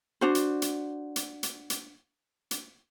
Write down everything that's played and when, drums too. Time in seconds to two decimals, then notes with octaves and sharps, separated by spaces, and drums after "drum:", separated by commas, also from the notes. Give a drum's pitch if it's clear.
0.21 D4 F#4 C5
0.35 drum: hi-hat
0.62 drum: hi-hat
1.16 drum: hi-hat
1.43 drum: hi-hat
1.70 drum: hi-hat
2.51 drum: hi-hat